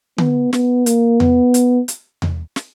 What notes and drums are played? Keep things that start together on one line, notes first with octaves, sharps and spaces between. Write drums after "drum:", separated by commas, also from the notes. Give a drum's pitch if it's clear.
B3, drum: tom D3
B3, drum: snare
A#3, drum: hi-hat
B3, drum: tom E2
drum: hi-hat
drum: hi-hat
drum: tom E2
drum: snare